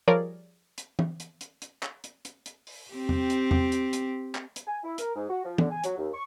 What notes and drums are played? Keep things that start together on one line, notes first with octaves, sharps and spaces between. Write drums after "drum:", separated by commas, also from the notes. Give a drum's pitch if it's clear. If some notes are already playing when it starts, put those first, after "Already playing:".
F3 G3 G#4 A#4 C#5 D5
drum: hi-hat
drum: tom E3
drum: hi-hat
drum: hi-hat
drum: hi-hat
drum: clap
drum: hi-hat
drum: hi-hat
drum: hi-hat
drum: open hi-hat
C4 G4
drum: tom E2
drum: hi-hat
drum: tom E2
drum: hi-hat
drum: hi-hat
drum: clap
drum: hi-hat
G#5
E4
A#4, drum: hi-hat
G#2
F#4
F3
D3, drum: tom
G#5
F#3, drum: hi-hat
D#2
C#6